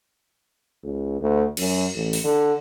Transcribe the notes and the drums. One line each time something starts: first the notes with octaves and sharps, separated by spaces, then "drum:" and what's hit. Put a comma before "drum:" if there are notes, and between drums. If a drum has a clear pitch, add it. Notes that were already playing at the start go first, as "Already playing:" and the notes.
C#2
D2
F#2, drum: cymbal
A1
drum: open hi-hat
D3